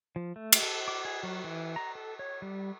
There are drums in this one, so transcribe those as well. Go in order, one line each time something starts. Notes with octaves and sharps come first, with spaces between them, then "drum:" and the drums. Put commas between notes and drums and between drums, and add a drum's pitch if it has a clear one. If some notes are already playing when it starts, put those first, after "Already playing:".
F3
A3
drum: cymbal
A4
D6
G#4
F#3
E3
A#5
A4
C#5
G3